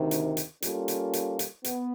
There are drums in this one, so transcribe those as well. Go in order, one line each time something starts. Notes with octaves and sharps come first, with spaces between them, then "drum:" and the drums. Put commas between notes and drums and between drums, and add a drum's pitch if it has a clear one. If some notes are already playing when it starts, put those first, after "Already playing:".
Already playing: D2 C3 D#3
drum: hi-hat
drum: hi-hat
G3 A#3 C#4 F4 A4, drum: hi-hat
drum: hi-hat
drum: hi-hat
drum: hi-hat
B3, drum: hi-hat